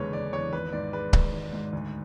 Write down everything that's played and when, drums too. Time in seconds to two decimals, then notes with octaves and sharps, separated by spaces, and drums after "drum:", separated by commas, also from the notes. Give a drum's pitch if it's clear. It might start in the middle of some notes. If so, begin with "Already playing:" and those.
Already playing: F#1 E2 D3 G#3 B4 C#5
0.13 F#1 D5
0.33 E2 C#5
0.53 G#1 B4
0.72 G#2 D5
0.93 G#3 B4
1.13 G#1, drum: kick C#1
1.33 G#1
1.53 G#2
1.73 D2